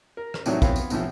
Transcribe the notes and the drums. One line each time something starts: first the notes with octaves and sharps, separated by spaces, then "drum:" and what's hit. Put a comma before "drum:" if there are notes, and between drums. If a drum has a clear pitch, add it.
A#4
drum: rim click
A2 C3 D#3 E3 F#3 D4, drum: tambourine
F3 B3 C4 C#5 F5, drum: kick, tambourine
drum: tambourine
B1 A2 C3 E3 F3, drum: tambourine